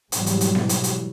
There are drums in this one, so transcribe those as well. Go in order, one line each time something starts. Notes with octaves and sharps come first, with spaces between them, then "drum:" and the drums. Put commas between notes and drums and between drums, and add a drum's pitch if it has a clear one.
G#2 B2 E3 F#3 G3, drum: hi-hat
drum: hi-hat
drum: hi-hat
drum: snare B3
drum: hi-hat
drum: hi-hat